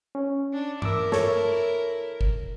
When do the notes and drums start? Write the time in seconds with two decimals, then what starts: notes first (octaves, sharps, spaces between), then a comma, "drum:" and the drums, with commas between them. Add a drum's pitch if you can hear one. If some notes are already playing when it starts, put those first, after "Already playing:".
0.15 C#4
0.53 D4
0.82 E4 A#4 D6 E6, drum: tom G2
1.12 A4 C#5, drum: snare
2.21 drum: kick G1